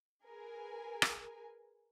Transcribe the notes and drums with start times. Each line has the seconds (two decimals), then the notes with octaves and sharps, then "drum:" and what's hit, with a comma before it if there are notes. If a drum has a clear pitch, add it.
0.25 G#4 A#4 B4 G#5
1.02 drum: rim click